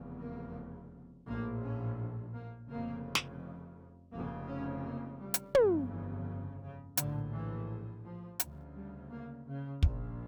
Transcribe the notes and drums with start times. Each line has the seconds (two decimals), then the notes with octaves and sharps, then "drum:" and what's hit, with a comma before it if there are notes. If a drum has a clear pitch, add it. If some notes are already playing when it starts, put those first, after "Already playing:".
Already playing: F1 E2 C#3
0.20 A#3
1.27 A#1 A2 A#3
1.63 C#4
2.34 A#3
2.70 F1 F2 C#3 A#3
3.15 drum: snare
4.13 F1 F2 C#3 A#3
4.47 C#4
4.83 A#3
5.20 G3
5.34 drum: hi-hat
5.55 G1 F2 C#3, drum: tom
5.91 E3
6.61 C#3
6.97 A#1 A2 D3, drum: hi-hat
7.32 E3
8.04 F3
8.40 D2 C#3, drum: hi-hat
8.75 G3
9.10 A#3
9.46 C#3
9.83 A#1 A#2, drum: kick